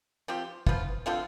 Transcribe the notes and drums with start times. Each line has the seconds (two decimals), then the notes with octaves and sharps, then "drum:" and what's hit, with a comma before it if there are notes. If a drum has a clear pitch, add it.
0.28 F3 C4 G4
0.67 F3 B3 F4, drum: kick
1.06 D3 F3 C4 F4